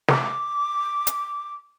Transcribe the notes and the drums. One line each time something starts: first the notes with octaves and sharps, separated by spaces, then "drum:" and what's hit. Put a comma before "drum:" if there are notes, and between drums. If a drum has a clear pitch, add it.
D6, drum: snare
drum: hi-hat